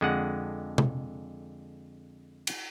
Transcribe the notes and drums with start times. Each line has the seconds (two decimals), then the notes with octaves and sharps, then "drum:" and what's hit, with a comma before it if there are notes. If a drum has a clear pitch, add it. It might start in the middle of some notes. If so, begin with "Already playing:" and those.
0.01 F2 D3 G#3 G#4 F#5
0.78 drum: tom C3
2.47 drum: cymbal